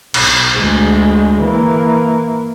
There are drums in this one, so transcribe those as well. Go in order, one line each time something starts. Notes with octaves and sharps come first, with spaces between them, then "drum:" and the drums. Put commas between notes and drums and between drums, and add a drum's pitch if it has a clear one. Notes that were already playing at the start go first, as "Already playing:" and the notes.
B1, drum: cymbal
D2 G#3
E3 A#3